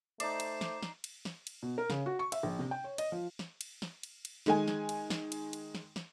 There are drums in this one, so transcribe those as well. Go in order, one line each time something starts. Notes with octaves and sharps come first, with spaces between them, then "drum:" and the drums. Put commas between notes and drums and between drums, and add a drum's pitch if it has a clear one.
A3 D#4 C5 D5 D6 C7, drum: cymbal
drum: cymbal
drum: snare
drum: snare
drum: cymbal
drum: snare
drum: cymbal
B2
A#4
C#3, drum: snare
F#4
C#6
E5, drum: cymbal
A#1
C3
G5
C#5
D#5, drum: cymbal
F3
drum: snare
drum: cymbal
drum: snare
drum: cymbal
drum: cymbal
D#3 G#3 G#5, drum: snare
drum: snare
drum: cymbal
drum: snare
drum: cymbal
drum: cymbal
drum: snare
drum: snare